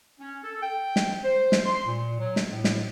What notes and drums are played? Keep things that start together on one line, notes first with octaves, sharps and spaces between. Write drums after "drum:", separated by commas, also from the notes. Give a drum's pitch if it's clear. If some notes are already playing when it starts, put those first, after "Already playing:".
C#4
A4
G5
drum: snare
C5
drum: snare
C6
A#2
F#3
drum: snare
A2
drum: snare